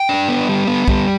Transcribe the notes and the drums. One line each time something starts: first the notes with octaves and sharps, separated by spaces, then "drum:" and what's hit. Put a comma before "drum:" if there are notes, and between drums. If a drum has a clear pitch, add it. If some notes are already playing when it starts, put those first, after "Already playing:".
Already playing: G5
D4
B3
G3
B3
G3, drum: kick